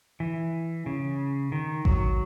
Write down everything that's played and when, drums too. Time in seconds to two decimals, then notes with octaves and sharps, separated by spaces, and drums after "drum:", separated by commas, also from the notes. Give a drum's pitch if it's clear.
0.20 E3
0.86 C#3
1.52 D#3
1.85 F#3, drum: kick G#1